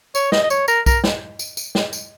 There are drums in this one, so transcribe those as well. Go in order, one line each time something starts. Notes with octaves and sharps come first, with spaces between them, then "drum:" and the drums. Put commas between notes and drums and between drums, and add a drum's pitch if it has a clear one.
C#5, drum: tambourine
D#5, drum: snare
D#5
C#5, drum: tambourine
A#4, drum: tambourine
A#4, drum: kick B1, tambourine
drum: snare
drum: tambourine
drum: tambourine
drum: snare
drum: tambourine